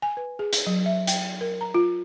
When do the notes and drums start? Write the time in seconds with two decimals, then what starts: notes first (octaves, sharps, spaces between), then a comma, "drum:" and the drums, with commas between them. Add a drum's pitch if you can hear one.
0.02 G#5
0.17 B4
0.39 G#4
0.53 drum: hi-hat
0.67 F#3
0.86 E5
1.07 G5, drum: hi-hat
1.41 A#4
1.61 A#5
1.74 F4